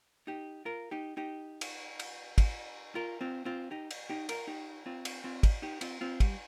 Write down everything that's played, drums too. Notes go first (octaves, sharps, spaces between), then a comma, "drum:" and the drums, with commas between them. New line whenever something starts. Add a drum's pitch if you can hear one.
D#4 G4
F4 A#4
D#4 G4
D#4 G4
drum: cymbal
drum: cymbal
drum: kick, cymbal
F4 A#4
C4 F4
C4 F4
D#4 G4
drum: cymbal
D#4 G4
F4 A#4, drum: cymbal
D#4 G4
C4 F4
drum: cymbal
C4 F4
drum: kick, cymbal
D#4 G4
C4 F4, drum: cymbal
C4 F4
G3, drum: kick, cymbal